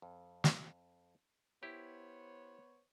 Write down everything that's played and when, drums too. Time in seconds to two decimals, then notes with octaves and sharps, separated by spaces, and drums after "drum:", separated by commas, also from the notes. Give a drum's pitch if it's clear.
0.02 F2
0.44 drum: snare
1.63 B3 E4 G4 C5 C#5